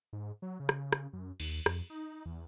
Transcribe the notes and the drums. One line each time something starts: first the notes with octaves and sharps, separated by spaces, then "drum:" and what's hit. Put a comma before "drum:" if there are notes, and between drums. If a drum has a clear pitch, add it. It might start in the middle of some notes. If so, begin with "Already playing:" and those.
G#2
F#3
C#3
drum: rim click
drum: rim click
F#2
D#2, drum: cymbal
F2, drum: rim click
D#4
E2